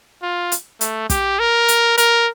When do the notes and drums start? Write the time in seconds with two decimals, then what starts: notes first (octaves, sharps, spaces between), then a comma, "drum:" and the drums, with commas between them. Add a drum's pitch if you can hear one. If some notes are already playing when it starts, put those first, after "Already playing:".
0.23 F4
0.52 drum: hi-hat
0.81 A3, drum: hi-hat
1.10 G4, drum: kick, hi-hat
1.40 A#4
1.68 drum: hi-hat
1.98 A#4, drum: hi-hat